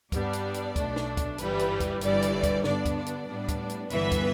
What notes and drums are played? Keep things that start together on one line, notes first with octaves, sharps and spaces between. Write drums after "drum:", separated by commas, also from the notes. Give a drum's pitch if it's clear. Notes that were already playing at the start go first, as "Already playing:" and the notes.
G2 G3 B3 D4 D5, drum: kick, hi-hat
drum: hi-hat
drum: hi-hat
B1 B2 A3 D4, drum: kick, hi-hat
drum: snare
drum: kick, hi-hat
G1 G2 E3 G3 B4, drum: hi-hat
drum: hi-hat
drum: kick, hi-hat
G1 G2 E3 G3 D5, drum: hi-hat
drum: hi-hat
drum: kick, hi-hat
G2 D3 B3 D4 D5, drum: snare
drum: kick, hi-hat
D5
drum: hi-hat
A2 G3 B3 D4
drum: kick, hi-hat
drum: hi-hat
G1 G2 E3 G3 B3 B4 E5, drum: hi-hat
drum: kick, hi-hat